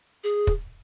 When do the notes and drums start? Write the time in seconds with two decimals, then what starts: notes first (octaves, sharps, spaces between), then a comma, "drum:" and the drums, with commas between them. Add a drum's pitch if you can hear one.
0.24 G#4
0.47 drum: kick